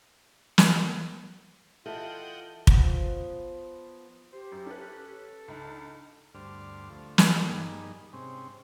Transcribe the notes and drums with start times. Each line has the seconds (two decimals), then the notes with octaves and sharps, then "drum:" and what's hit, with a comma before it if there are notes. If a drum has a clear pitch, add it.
0.58 drum: snare
1.86 E3 F4 A4 D#5 E5 F#5 G5
2.67 F3 B3, drum: kick
4.33 G4 C5
4.52 F#2
4.66 C#4 A4 B4
5.48 C#2 G#2 D4
6.34 D2 G2 C5 D5 F6
6.90 D3 F3 A3
7.18 drum: snare
7.48 G2 D#3 A#3 D#4 G#4 B5
8.13 G#2 C3 C4 C#4